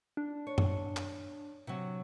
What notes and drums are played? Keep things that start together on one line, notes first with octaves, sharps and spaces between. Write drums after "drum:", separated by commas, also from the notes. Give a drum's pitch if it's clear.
D4
C#5
drum: tom F#2
drum: clap
C3 F#3